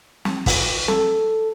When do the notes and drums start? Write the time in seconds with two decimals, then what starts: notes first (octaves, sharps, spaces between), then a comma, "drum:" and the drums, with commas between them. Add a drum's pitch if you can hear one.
0.25 drum: snare
0.46 drum: kick, open hi-hat
0.88 A4, drum: snare